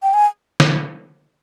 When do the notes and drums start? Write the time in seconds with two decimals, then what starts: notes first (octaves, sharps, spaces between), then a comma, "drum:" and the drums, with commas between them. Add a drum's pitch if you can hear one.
0.03 G5
0.14 G#5
0.60 drum: snare